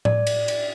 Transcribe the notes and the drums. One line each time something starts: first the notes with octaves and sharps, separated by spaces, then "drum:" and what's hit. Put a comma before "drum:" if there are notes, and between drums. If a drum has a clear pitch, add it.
D5, drum: tom A2
drum: cymbal
drum: cymbal